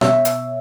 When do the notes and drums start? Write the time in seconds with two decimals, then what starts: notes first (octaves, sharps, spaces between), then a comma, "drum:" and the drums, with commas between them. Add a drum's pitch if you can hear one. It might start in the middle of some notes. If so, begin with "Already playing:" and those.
0.01 B2 C#5 E5, drum: rim click
0.25 drum: hi-hat